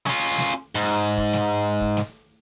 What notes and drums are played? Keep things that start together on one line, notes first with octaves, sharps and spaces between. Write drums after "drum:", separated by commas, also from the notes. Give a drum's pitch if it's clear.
C#4 F4, drum: snare
drum: snare
G#2
drum: kick
drum: snare
drum: kick
drum: snare